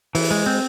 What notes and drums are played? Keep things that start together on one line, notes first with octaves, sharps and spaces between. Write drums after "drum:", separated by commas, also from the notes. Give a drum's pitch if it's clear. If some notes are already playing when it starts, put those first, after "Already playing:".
E3, drum: open hi-hat
G#3
C4